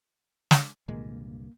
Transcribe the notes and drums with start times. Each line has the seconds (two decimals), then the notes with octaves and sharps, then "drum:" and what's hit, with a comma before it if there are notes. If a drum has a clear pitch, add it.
0.51 drum: snare
0.88 G1 C2 G2 A#2 D#3 G#3 A#3